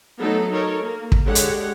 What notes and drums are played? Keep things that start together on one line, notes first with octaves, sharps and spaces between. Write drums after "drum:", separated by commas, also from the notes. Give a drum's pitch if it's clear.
F#3 A3 B3 D#4 A4
D#4 A4 A#4 C#5
A#3
drum: kick
D3 G#3 G4 C#5 F#5
drum: hi-hat